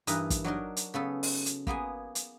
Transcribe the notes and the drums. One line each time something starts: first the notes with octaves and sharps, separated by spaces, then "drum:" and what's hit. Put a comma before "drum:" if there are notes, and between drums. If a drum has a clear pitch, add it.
G2 E3 D#4 A#4 D#5, drum: hi-hat
drum: kick, hi-hat
F#3 D4 D#4 A#4
drum: hi-hat
C#3 B3 A4
drum: open hi-hat
drum: hi-hat
A#3 B3 G#4 G#5, drum: kick
drum: hi-hat